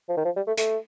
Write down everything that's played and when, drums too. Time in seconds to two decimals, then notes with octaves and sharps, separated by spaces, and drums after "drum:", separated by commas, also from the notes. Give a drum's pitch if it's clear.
0.09 F3
0.17 D#3
0.25 F3
0.36 G3
0.47 A3
0.58 A3, drum: hi-hat